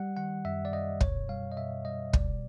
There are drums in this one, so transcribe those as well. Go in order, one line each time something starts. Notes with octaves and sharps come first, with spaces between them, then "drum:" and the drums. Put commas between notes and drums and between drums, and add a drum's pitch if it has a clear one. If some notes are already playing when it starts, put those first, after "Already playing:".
Already playing: G3 F#5
D#3 F#5
F#2 E5
D5
F#2 D#5
B2 C#5, drum: kick
G3 F5
D#5
B2 E5
G3 D#5
B2 D5, drum: kick